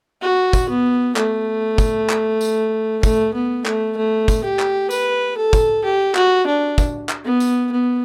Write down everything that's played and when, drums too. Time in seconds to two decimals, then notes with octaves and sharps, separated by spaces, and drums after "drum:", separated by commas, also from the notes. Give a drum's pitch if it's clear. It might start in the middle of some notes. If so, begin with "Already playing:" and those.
0.22 F#4
0.53 drum: kick, tambourine
0.69 B3
1.16 A3, drum: clap
1.78 drum: kick, tambourine
2.10 drum: clap
2.41 drum: tambourine
3.03 A3, drum: kick, tambourine
3.34 B3
3.66 A3, drum: clap
3.97 A3
4.28 drum: kick, tambourine
4.44 G4
4.59 drum: clap
4.91 B4, drum: tambourine
5.37 A4
5.53 drum: kick, tambourine
5.84 G4
6.15 F#4, drum: clap
6.47 D4
6.78 drum: kick, tambourine
7.09 drum: clap
7.25 B3
7.40 drum: tambourine
7.72 B3